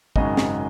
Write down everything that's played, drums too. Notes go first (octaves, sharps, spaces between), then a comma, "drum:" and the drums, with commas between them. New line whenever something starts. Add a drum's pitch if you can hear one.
G#1 F#2 C#3 G#3 D#5, drum: kick
drum: snare